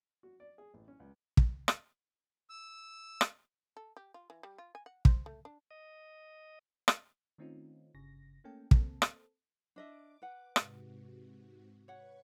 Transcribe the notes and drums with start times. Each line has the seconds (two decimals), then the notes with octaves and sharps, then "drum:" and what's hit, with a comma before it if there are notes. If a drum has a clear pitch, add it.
0.23 F#4
0.40 D5
0.58 G#4
0.74 A1
0.88 C#4
1.00 C#2
1.37 drum: kick
1.68 drum: rim click
2.50 E6
3.21 drum: rim click
3.77 A4
3.97 G4
4.14 F4
4.30 E3
4.43 G3
4.58 F4
4.75 G#5
4.86 F#5
5.05 C5, drum: kick
5.26 A3
5.45 D4
5.71 D#5
6.88 drum: rim click
7.38 D#3 A3 C4 C#4 D#4 F4
7.95 G1 C#3 A#6
8.44 A3 A#3 C#4 A4 G5
8.71 A#3 C4 A4, drum: kick
9.02 drum: rim click
9.76 D4 D#5 E5 D6
10.22 B4 F#5
10.56 G#2 C3 F#4, drum: rim click
11.88 B4 C#5 F#5 C#6